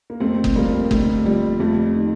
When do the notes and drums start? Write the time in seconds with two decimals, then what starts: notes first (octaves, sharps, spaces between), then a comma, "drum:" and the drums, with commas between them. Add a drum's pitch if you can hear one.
0.10 A#3
0.20 F2 A3 C4
0.44 drum: kick F#1
0.55 F2 G3 A#3
0.91 D3 A3, drum: kick F#1
1.26 F3 G3
1.60 F2 A3
1.95 D#3